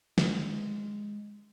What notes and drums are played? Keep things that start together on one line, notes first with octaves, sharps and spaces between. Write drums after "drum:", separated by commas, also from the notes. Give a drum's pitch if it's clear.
G#3, drum: snare